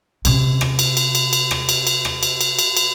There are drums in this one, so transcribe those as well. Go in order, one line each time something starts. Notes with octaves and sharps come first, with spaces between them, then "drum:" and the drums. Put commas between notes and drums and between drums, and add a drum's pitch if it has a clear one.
C3 C#4, drum: cymbal
drum: rim click
drum: cymbal
drum: cymbal
drum: cymbal
drum: cymbal
drum: rim click
drum: cymbal
drum: cymbal
drum: rim click
drum: cymbal
drum: cymbal
drum: cymbal
drum: cymbal